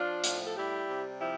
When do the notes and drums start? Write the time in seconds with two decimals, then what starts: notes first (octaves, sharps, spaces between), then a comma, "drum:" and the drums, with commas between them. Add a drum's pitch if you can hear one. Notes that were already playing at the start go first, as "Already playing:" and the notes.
Already playing: F3 D4 F4
0.24 A2, drum: hi-hat
0.45 A4
0.56 G3 E4 G4
0.89 C3
1.21 F3 E4 G4